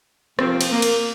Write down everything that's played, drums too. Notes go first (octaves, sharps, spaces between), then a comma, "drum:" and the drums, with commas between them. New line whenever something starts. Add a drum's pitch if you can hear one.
C3 F3 A#3 C4, drum: rim click
drum: cymbal
A#3
drum: cymbal